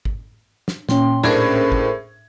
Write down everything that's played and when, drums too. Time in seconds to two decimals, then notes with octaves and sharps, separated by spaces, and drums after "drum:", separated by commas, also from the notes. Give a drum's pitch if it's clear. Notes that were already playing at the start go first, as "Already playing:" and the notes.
0.05 drum: kick G#1
0.68 drum: snare
0.89 A#2 C#4 G5 C6, drum: snare
1.23 A2 D4 G#4 A#4 C5 G#6
1.72 drum: kick G#1